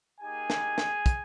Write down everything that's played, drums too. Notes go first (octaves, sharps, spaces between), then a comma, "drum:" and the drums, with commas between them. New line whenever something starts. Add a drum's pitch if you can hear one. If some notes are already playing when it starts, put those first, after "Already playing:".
A#3 D#4 G4 G#4 G#5
drum: snare
drum: snare
drum: kick, hi-hat